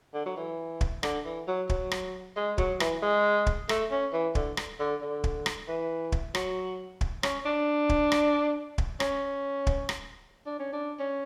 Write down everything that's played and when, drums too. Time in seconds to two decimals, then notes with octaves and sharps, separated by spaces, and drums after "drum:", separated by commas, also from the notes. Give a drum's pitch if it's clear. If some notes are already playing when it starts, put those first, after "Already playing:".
0.14 D3
0.26 F#3
0.36 E3
0.81 drum: kick
1.03 D3, drum: rim click
1.25 E3
1.47 F#3
1.69 F#3, drum: kick
1.91 drum: rim click
2.36 G#3
2.58 F#3, drum: kick
2.80 E3, drum: rim click
3.02 G#3
3.46 drum: kick
3.69 A3, drum: rim click
3.91 C#4
4.13 E3
4.35 D3, drum: kick
4.57 drum: rim click
4.80 D3
5.01 D3
5.24 drum: kick
5.46 drum: rim click
5.68 E3
6.12 drum: kick
6.35 F#3, drum: rim click
7.01 drum: kick
7.23 C#4, drum: rim click
7.45 D4
7.89 drum: kick
8.12 drum: rim click
8.78 drum: kick
9.00 C#4, drum: rim click
9.67 drum: kick
9.89 drum: rim click
10.46 D4
10.60 C#4
10.73 D4
10.99 C#4